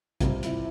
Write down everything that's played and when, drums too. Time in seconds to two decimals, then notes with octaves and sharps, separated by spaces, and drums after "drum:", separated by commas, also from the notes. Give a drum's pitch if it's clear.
0.21 C3 G3 C4 F4, drum: kick, hi-hat
0.43 E4, drum: hi-hat